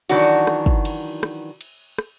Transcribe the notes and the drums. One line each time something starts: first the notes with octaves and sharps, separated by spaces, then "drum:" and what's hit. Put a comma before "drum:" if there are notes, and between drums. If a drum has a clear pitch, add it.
D#3 E3 F#3 D4 F#4, drum: cymbal
drum: rim click
drum: kick
drum: cymbal
drum: rim click
drum: cymbal
drum: rim click